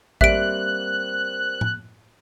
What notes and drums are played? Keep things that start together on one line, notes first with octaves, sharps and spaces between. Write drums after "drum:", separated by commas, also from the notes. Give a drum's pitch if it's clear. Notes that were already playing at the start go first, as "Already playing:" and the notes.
G3 A#3 C4 E5 F#6 D7, drum: kick A1
drum: tom A2